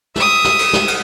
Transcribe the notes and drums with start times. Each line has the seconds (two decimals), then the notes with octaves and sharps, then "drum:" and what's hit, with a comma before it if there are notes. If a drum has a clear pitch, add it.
0.16 E5 D#6, drum: snare
0.44 drum: snare
0.59 drum: cymbal
0.73 drum: snare
0.88 drum: cymbal